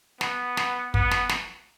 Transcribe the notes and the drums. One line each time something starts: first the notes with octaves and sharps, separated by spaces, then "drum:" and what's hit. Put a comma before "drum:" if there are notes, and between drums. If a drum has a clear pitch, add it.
B3, drum: snare
drum: snare
B3, drum: kick
drum: snare
drum: snare